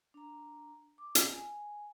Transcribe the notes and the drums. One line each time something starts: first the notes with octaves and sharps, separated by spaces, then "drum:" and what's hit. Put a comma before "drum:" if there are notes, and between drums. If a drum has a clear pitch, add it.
D4 A#5
D6
drum: hi-hat
G#5